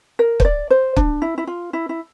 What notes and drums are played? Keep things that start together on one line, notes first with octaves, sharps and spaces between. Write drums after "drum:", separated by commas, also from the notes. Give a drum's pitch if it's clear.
A#4
C5, drum: kick
D5
C5
D4, drum: kick
E4
E4
F4
E4
E4